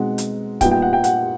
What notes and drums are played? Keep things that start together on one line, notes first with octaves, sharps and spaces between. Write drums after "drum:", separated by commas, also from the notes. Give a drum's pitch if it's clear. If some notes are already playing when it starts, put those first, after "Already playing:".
Already playing: B2 G#3 C4 D#4 F#5
drum: hi-hat
A#2 G3 B3 D#4 G5, drum: kick C#1, hi-hat
G5
F#5
G5
F#5, drum: hi-hat